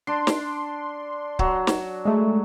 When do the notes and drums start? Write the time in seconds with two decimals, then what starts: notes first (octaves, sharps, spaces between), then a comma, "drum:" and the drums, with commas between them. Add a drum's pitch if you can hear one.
0.07 D4 C6
0.27 drum: snare
1.39 F#3, drum: kick C#1
1.67 drum: snare
2.05 G#3 A3